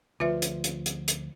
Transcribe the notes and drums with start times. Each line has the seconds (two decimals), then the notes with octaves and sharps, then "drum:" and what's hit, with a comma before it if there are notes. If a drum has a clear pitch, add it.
0.20 D2 F3 F4 B4 E5
0.42 drum: hi-hat
0.64 drum: hi-hat
0.86 drum: hi-hat
1.08 drum: hi-hat